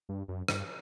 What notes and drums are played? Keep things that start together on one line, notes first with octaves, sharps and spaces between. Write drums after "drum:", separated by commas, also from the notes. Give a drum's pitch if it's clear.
G2
F#2
G2, drum: rim click